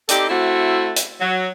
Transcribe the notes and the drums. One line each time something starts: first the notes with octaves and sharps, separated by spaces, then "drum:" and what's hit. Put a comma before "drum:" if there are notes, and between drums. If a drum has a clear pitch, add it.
C4 D#4 G4 A4 D5, drum: hi-hat
A3 C4 E4 F#4
drum: hi-hat
F#3